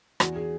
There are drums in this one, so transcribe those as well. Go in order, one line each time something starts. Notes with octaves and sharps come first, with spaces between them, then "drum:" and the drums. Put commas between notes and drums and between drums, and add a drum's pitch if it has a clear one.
E2 F#4, drum: rim click
G#4